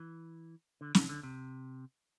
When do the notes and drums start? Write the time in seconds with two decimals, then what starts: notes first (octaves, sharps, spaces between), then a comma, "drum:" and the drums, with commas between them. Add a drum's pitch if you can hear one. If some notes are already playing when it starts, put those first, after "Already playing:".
Already playing: E3
0.81 D3
0.95 C3, drum: snare
1.09 D3
1.23 C3